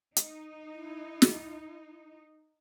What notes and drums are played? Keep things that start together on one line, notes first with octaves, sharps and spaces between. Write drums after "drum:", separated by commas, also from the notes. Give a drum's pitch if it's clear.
D#4, drum: hi-hat
E4
drum: snare